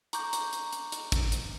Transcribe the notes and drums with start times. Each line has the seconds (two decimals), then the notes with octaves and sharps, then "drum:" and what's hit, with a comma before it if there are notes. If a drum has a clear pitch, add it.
0.13 A#5 C#6 D6 G6, drum: hi-hat
0.33 drum: hi-hat
0.53 drum: hi-hat
0.73 drum: hi-hat
0.92 drum: hi-hat
1.12 drum: kick, hi-hat
1.32 drum: hi-hat